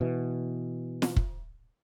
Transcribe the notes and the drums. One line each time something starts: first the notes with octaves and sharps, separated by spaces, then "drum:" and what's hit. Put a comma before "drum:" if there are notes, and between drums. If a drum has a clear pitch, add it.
B2 E3
drum: snare
drum: kick